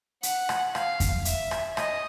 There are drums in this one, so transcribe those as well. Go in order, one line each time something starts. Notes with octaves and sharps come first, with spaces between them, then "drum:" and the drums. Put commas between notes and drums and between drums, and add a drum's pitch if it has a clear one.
F#5, drum: hi-hat
drum: rim click
F5, drum: rim click
drum: kick F2, hi-hat
E5, drum: hi-hat
drum: rim click
D#5, drum: rim click